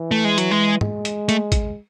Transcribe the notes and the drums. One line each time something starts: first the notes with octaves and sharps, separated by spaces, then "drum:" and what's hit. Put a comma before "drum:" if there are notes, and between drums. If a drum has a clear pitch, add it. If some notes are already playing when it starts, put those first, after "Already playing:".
Already playing: E3
A3
G#3
F#3, drum: hi-hat
G#3
G#3, drum: tom
drum: hi-hat
A3, drum: hi-hat
drum: kick, hi-hat